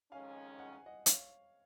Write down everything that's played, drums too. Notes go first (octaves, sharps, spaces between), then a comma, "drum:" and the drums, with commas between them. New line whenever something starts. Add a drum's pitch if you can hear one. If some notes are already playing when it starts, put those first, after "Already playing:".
F2 D#3 G#3 C#4 F5 G#5
F#5
G#5
D#5 F#5
C#5 F5, drum: hi-hat